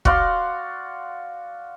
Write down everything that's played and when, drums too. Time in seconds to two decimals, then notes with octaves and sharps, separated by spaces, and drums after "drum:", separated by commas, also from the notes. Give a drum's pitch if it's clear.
0.05 F#4 D5 F5 C6, drum: kick